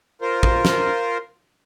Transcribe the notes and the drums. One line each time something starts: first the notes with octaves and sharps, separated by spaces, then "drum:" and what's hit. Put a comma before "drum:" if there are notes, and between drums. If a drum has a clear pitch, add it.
F4 A#4 C5
drum: kick
drum: snare